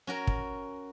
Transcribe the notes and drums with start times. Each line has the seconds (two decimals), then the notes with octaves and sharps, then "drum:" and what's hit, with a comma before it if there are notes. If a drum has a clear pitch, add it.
0.07 C#4 F#4 A#4
0.27 drum: kick